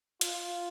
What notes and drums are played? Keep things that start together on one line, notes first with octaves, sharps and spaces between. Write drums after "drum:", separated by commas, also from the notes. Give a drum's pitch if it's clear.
F4, drum: hi-hat